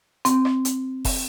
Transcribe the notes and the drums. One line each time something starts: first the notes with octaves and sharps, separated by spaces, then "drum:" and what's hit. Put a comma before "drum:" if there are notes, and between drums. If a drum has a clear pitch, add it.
C4, drum: hi-hat
drum: rim click
drum: hi-hat
drum: kick F1, open hi-hat